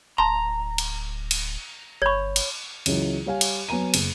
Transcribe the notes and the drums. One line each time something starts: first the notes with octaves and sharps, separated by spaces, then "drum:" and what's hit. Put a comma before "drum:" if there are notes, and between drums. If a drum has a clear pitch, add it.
D1 A5 A#5 C6
drum: cymbal
drum: cymbal
G1 C#5 B5 C#6 G#6
drum: cymbal
C#2 C#3 E3 F#3, drum: cymbal
G3 C#5 F5 G#5
drum: cymbal
F#3 B3 G#5 A#5 D#7
F#1, drum: cymbal